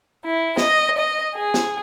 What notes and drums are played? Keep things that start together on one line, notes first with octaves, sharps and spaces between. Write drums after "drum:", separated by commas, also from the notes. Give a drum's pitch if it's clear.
E4
D#5, drum: snare
D#5
G#4
drum: snare